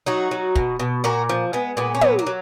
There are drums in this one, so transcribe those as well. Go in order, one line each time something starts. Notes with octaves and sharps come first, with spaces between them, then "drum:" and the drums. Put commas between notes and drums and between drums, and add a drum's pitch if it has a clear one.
F#3 D#4 F#4
F#3
B2, drum: kick
B2
A#2 F#4 A#4
F3
G#3 B3
A#2 B3
C#4
F#3 B3, drum: tom
A#3
F#3